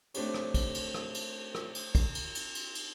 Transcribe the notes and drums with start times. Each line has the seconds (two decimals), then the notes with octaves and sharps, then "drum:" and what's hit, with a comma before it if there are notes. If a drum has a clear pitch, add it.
0.14 A3 C4 D4 G4 C#5, drum: cymbal
0.34 drum: rim click
0.54 drum: kick, cymbal
0.74 drum: cymbal
0.95 drum: rim click
1.15 drum: cymbal
1.55 drum: rim click
1.75 drum: cymbal
1.95 drum: kick, cymbal
2.15 drum: cymbal
2.35 drum: cymbal
2.55 drum: cymbal
2.75 drum: cymbal